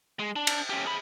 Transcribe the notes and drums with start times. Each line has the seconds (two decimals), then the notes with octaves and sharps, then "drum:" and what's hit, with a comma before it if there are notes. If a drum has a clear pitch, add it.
0.19 G#3
0.36 D4
0.47 drum: cymbal
0.70 C#4 G4
0.86 G#4 B5